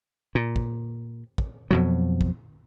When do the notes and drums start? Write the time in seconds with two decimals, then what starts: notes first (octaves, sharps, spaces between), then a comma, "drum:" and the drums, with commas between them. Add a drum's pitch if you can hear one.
0.35 A#2
0.56 drum: kick
1.38 drum: kick
1.71 F2 B2 F#3
2.21 drum: kick